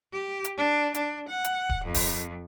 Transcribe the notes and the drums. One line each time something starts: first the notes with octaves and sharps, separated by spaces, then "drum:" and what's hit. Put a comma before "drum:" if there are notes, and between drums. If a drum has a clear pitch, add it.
G4
drum: hi-hat
D4
D4, drum: hi-hat
F#5
drum: hi-hat
drum: kick D1
F2
drum: kick D1, open hi-hat